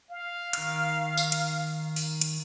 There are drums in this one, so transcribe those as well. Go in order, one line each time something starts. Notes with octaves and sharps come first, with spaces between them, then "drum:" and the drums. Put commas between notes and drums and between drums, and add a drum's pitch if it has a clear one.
F5
D#3 F6, drum: hi-hat
drum: tambourine
drum: hi-hat
drum: open hi-hat
drum: hi-hat